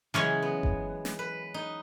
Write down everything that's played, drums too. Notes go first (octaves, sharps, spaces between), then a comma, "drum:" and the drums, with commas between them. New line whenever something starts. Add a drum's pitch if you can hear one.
C#3 E3 F#3 G#3 C#4 C#5
B3
drum: kick G1
drum: snare
B4
D#4